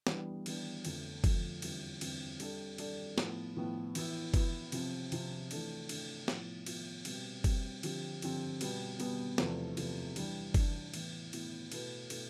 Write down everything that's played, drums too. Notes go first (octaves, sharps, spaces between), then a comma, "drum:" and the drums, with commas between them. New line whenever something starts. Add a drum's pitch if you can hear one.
E3 G3 B3 D4, drum: snare
E3 G3 B3 D4, drum: cymbal
F2 D3 F3 A3, drum: cymbal
F2 D3 F3 A3, drum: kick F#1, cymbal
E2 D3 G3 C4 F4, drum: cymbal
E2 D3 G3 C4 F4, drum: cymbal
G3 D4 A4 D5, drum: cymbal
G3 D4 A4 D5, drum: cymbal
A2 F3 B3, drum: snare
A2 F3 B3
E3 B3 E4, drum: cymbal
E3 B3 E4, drum: kick F#1, cymbal
C3 F3 C4, drum: cymbal
C3 F3 C4, drum: cymbal
E3 A3 D4, drum: cymbal
E3 A3 D4, drum: cymbal
A2 F3 B3 F4, drum: snare
A2 F3 B3 F4, drum: cymbal
B2 G3 C4, drum: cymbal
B2 G3 C4, drum: kick F#1, cymbal
D3 F3 C4 G4, drum: cymbal
D3 F3 C4 G4, drum: cymbal
B2 G3 B3, drum: cymbal
B2 G3 B3, drum: cymbal
E2 C3 F3 A3, drum: snare
E2 C3 F3 A3, drum: cymbal
E3 G3 D4, drum: cymbal
E3 G3 D4, drum: kick F#1, cymbal
A2 E3 B3 E4, drum: cymbal
A2 E3 B3 E4, drum: cymbal
B2 A3 E4 B4, drum: cymbal
B2 A3 E4 B4, drum: cymbal